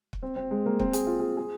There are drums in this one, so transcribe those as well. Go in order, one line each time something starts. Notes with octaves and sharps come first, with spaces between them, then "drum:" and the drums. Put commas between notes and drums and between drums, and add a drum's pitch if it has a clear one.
drum: kick
C4
C4
G#3
A#3
C4, drum: kick
G#4, drum: hi-hat
F4
G#4
G#4